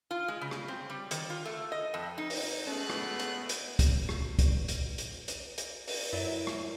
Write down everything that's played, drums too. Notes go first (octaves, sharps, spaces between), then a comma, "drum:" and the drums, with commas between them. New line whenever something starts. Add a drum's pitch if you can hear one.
F4
G#3
C#3
drum: rim click
C4
G3
D#3, drum: hi-hat
F4
A3
D#5
F2
D#4
drum: open hi-hat
G#3 A3 B3 C#4 F#6
drum: rim click
drum: hi-hat
drum: hi-hat
drum: kick, hi-hat
drum: rim click
drum: kick, hi-hat
drum: hi-hat
drum: hi-hat
drum: hi-hat
drum: hi-hat
drum: open hi-hat
F#2 E4 A#4 E5
drum: rim click